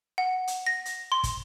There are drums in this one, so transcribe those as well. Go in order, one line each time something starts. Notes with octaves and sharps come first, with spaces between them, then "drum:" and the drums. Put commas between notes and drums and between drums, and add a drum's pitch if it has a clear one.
F#5
drum: hi-hat
A#6
drum: hi-hat
C6
drum: kick, hi-hat